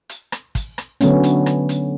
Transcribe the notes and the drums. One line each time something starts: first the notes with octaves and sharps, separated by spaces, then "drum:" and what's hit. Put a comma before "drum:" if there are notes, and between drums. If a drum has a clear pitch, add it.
drum: hi-hat
drum: rim click
drum: kick, hi-hat
drum: rim click
D3 F#3 A3 B3 C#4, drum: hi-hat
drum: hi-hat
drum: rim click
drum: hi-hat